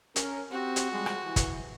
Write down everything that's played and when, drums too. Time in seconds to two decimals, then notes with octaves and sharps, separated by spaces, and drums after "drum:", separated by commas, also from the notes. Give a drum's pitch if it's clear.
0.16 C#4 A#4, drum: hi-hat
0.52 C4 F#4 G4
0.76 drum: hi-hat
0.91 F3 G3 G#3
1.06 drum: rim click
1.25 E3
1.36 drum: kick, hi-hat